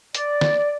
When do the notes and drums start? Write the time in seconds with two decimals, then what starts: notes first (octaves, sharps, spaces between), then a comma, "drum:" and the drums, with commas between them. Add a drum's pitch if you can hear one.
0.15 D5, drum: hi-hat
0.41 drum: snare